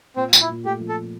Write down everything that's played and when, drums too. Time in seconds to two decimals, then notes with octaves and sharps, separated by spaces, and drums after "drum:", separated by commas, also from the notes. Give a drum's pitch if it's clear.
0.16 A#2 C4
0.33 A#2, drum: tambourine
0.41 E4
0.49 A#2
0.64 A3 G4
0.80 F3
0.89 A4